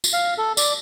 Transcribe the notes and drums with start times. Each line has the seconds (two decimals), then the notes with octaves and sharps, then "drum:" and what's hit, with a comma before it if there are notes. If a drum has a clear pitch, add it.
0.04 drum: tambourine
0.13 F5
0.38 A4
0.57 D5, drum: tambourine